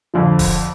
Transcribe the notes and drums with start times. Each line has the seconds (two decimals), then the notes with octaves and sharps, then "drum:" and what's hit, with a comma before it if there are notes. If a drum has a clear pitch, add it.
0.14 F2 D3 F3
0.39 drum: kick E1, open hi-hat